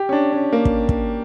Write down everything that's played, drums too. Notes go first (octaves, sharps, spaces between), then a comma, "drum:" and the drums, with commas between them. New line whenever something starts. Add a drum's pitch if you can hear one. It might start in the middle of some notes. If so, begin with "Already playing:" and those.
Already playing: G4
C#4
D4
C#4
A#3
drum: kick
drum: kick